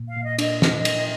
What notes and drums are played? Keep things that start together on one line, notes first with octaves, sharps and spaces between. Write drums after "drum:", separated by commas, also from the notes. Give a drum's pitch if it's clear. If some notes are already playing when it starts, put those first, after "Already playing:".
Already playing: A#2
F5
A#2
D#5
D4 D#5, drum: cymbal
drum: snare
drum: cymbal